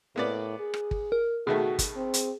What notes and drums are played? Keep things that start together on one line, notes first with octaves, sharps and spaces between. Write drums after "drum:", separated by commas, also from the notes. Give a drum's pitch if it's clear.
A2 A#3 B3 D5
G#4
drum: rim click
drum: kick
A#4
B2 D#3 A3 F#4 G#4
drum: kick, hi-hat
C4
drum: hi-hat